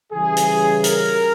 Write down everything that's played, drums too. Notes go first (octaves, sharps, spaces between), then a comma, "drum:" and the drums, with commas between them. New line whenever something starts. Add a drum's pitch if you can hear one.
C#3 E3 G3 G#4
drum: hi-hat
A#4, drum: hi-hat